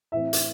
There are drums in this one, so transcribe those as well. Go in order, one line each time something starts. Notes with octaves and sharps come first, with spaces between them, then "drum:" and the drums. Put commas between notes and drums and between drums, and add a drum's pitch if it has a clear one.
A2 E3 C4 E5
drum: hi-hat